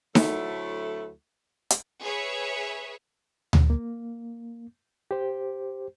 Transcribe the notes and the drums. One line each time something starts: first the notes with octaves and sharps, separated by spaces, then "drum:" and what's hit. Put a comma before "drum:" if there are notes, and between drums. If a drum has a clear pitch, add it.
D2 F#3 A3 E4 A4, drum: snare D#4
drum: hi-hat
G#4 B4 C#5 E5
drum: tom D2
A#3
G4 C5